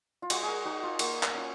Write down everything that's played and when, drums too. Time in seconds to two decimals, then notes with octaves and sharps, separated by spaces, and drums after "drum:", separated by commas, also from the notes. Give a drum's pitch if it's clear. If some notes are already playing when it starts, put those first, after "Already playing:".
0.22 F4
0.30 G#3 F#4, drum: cymbal
0.43 G#4
0.48 A#4
0.65 D#4 F#4
0.83 F4
0.99 A#3 F#4, drum: cymbal
1.23 drum: clap
1.34 C#4 F4